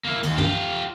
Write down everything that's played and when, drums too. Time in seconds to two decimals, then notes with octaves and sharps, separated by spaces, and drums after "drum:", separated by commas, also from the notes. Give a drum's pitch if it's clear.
0.05 A#3 E4
0.23 D#2, drum: cymbal
0.38 F4 G4, drum: tom